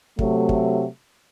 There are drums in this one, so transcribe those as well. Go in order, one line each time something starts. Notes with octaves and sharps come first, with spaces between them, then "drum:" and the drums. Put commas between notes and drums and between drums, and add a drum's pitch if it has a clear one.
C3 F#3 A3, drum: kick
drum: kick